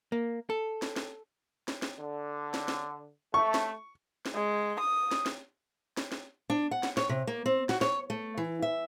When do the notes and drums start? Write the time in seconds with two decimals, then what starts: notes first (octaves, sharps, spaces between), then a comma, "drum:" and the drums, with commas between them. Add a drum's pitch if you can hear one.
0.12 A#3
0.50 A4
0.82 drum: snare
0.96 drum: snare
1.68 drum: snare
1.82 drum: snare
1.98 D3
2.54 drum: snare
2.68 drum: snare
3.34 A3 C#6
3.54 drum: snare
4.26 drum: snare
4.35 G#3
4.80 D#6
5.11 drum: snare
5.26 drum: snare
5.97 drum: snare
6.12 drum: snare
6.50 D4
6.71 F#5
6.83 drum: snare
6.97 C#5, drum: snare
7.09 C3
7.27 A#3
7.46 C4
7.69 F#4, drum: snare
7.81 C#5, drum: snare
8.10 A3
8.38 E3
8.62 E5